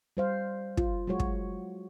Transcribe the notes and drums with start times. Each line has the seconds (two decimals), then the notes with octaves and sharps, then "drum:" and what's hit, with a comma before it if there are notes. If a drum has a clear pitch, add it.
0.17 G3 C5 F5
0.77 F4, drum: kick
1.07 F#3 G#3 F#4 C#5
1.20 drum: kick